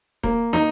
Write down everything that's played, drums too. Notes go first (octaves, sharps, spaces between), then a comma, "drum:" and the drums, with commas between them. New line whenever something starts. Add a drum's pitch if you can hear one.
A#3, drum: kick D#1
D#4, drum: snare